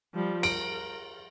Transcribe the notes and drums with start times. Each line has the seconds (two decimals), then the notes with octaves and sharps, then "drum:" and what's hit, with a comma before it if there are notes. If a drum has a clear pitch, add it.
0.14 F3 G3
0.43 A#4 D7, drum: cymbal